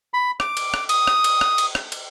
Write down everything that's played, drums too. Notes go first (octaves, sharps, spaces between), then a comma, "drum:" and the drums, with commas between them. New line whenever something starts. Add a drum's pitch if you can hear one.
B5
D6, drum: rim click
drum: cymbal
drum: rim click
D#6, drum: cymbal
drum: rim click
drum: cymbal
drum: rim click
drum: cymbal
drum: rim click
drum: cymbal